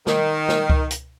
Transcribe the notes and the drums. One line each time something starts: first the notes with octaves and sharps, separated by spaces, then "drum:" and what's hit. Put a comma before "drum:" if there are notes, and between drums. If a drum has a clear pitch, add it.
D#3, drum: snare
drum: snare
drum: kick C#2
drum: hi-hat